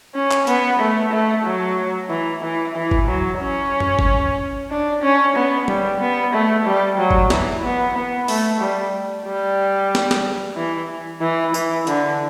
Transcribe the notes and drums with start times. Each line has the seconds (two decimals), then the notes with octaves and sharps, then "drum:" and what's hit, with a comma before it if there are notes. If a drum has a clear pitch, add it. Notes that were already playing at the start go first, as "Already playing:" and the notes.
0.15 C#4
0.31 drum: clap
0.47 B3, drum: hi-hat
0.79 A3
1.11 A3
1.44 F#3
2.10 E3
2.43 E3
2.75 E3
2.91 drum: kick F#1
3.07 F#3
3.40 C#4
3.80 drum: tom F#2
3.99 drum: kick F#1
4.70 D4
5.02 C#4
5.35 B3
5.68 G3, drum: tom
6.00 B3
6.33 A3
6.65 G3
6.98 F#3
7.11 drum: kick F#1
7.30 E3, drum: snare
7.64 B3
7.95 B3
8.28 A3, drum: open hi-hat
8.60 G3
9.26 G3
9.95 drum: snare
10.11 drum: snare
10.57 E3
11.21 E3
11.54 E3, drum: tambourine
11.87 D3, drum: hi-hat